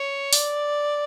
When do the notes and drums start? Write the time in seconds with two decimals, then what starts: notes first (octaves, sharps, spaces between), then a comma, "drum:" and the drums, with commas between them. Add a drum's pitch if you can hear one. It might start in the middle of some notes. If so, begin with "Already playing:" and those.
Already playing: C#5
0.33 D5, drum: open hi-hat